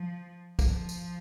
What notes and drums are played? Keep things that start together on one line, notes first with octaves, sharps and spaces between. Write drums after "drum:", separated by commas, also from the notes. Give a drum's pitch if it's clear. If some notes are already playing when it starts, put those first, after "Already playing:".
Already playing: F3
F3, drum: kick, tambourine
drum: tambourine